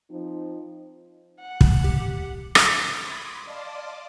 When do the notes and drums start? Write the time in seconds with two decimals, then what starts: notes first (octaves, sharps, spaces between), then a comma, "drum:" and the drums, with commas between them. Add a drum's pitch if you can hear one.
0.10 F3 C4 D#4
1.40 F#5
1.61 drum: kick
1.84 G4
2.55 drum: rim click
2.97 B5 C6 D6 D#6 G#6 B6
3.45 D5 D#5 F5 A5 C6 D6